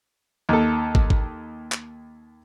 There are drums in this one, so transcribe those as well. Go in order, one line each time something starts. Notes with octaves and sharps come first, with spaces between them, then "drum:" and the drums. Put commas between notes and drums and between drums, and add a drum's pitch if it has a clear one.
D#2 A4
drum: kick
drum: kick
drum: clap